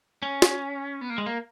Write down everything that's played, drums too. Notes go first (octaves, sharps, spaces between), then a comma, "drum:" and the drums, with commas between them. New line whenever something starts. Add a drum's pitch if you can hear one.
C#4
drum: snare
B3
A#3
G#3
A#3